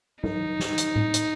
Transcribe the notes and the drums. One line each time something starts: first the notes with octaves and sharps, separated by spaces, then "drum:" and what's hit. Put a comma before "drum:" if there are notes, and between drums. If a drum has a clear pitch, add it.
D#4, drum: tom F#3
drum: snare
drum: hi-hat
drum: tom A2
drum: hi-hat